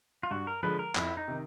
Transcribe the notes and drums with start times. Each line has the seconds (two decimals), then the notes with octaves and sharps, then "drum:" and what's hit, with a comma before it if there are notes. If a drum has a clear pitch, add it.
0.23 F4
0.31 G2 F#4
0.47 A#4
0.63 D3 F3 G#3 B4
0.79 A#4
0.95 F2 E4, drum: clap
1.17 D#4
1.28 C3 D#3